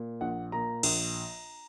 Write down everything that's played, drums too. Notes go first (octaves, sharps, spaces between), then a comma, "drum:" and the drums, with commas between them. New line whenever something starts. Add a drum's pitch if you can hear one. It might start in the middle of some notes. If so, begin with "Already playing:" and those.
Already playing: A#2
A#1 F#5
A#2 A#5
A#1, drum: cymbal